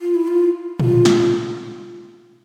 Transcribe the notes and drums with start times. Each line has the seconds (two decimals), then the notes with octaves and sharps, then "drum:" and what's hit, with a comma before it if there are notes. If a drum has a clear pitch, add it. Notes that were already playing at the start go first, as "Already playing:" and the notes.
0.01 F4
0.15 E4
0.27 F4
0.80 F4, drum: tom
1.05 drum: snare